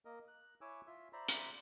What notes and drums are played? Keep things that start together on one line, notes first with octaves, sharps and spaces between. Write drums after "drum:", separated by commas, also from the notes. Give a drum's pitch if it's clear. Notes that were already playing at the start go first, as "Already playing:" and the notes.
A#3 A#4 D#5
F#6
E4 C#5 G#5 D6 E6
F4 E5
C5 D5 E5 A#5 B5
drum: hi-hat